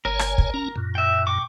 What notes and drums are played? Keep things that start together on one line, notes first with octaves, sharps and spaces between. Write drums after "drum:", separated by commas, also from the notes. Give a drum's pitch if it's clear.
G1 A#4 C#5 G#5
drum: rim click
drum: kick
C#4 A#5
F#2 A#2
E5 G5
G5 C#6 D6